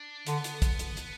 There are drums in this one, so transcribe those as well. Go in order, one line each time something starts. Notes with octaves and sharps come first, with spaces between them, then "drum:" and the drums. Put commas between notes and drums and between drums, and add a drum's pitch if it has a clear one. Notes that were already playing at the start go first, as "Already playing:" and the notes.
Already playing: D4
D3 B3, drum: hi-hat
drum: hi-hat
drum: kick, hi-hat
drum: hi-hat
drum: hi-hat